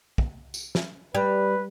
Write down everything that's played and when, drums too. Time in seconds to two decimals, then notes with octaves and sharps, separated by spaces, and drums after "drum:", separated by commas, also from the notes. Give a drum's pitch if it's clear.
0.18 drum: kick
0.54 drum: tambourine
0.75 drum: snare
1.15 G3 B4